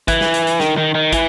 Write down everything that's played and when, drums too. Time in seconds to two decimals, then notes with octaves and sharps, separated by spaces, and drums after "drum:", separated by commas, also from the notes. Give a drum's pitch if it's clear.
0.08 E3, drum: kick, hi-hat
0.21 drum: snare
0.34 drum: hi-hat
0.47 drum: hi-hat
0.60 D#3, drum: snare
0.78 D#3
0.95 D#3
1.13 E3, drum: kick, hi-hat